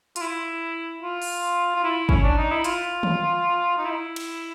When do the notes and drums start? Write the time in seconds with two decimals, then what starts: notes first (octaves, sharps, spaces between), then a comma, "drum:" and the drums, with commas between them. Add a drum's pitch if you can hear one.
0.16 F4, drum: hi-hat
0.21 E4
1.03 F4
1.22 drum: open hi-hat
1.76 F4
1.84 E4
2.09 C#4, drum: kick
2.23 D4
2.37 D#4
2.51 E4
2.64 F4, drum: hi-hat
3.03 drum: tom
3.78 D#4
3.86 E4
4.16 drum: cymbal